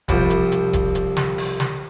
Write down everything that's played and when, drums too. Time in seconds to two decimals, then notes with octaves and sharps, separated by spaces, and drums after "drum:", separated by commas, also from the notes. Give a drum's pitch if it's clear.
0.08 C2 F3 G3, drum: kick D#1, hi-hat
0.30 drum: hi-hat
0.52 drum: hi-hat
0.73 drum: kick D#1, hi-hat
0.95 drum: hi-hat
1.17 drum: snare
1.38 drum: open hi-hat
1.60 drum: snare